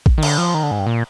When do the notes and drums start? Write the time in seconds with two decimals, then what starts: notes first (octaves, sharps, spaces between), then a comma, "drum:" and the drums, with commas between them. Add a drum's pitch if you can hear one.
0.06 drum: kick A1
0.18 D#3
0.23 D3, drum: cymbal
0.38 F3
0.54 D#3
0.63 D3
0.71 G#2
0.79 G2
0.87 A#2